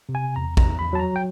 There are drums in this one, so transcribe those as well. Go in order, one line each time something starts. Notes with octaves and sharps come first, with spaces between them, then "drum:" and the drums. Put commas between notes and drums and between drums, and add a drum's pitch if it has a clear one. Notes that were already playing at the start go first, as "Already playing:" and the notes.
C3
G#5
E2 A#5
A#5, drum: kick A1
E2
B5
F#3 A5
A#5
G5